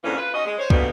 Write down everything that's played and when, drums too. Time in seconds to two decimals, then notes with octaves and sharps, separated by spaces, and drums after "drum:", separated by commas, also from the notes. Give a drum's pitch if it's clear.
0.04 F2 G#2 D3 E3 A#3 C#4
0.17 F4 B4
0.34 C#4 D#4 F#4 D#5
0.46 G#3
0.58 C5 C#5
0.70 D2 B2 D3 G3 A#3 B3, drum: kick